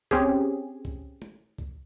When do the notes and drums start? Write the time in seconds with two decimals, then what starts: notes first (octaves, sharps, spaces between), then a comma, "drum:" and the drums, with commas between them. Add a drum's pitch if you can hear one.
0.11 C4 C#4 G4 G#4, drum: kick C2
0.85 drum: kick C2
1.22 drum: tom
1.58 drum: kick C2